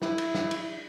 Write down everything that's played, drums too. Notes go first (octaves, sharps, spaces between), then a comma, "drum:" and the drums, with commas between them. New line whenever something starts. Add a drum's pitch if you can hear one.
E4, drum: snare
drum: cymbal
drum: snare
drum: cymbal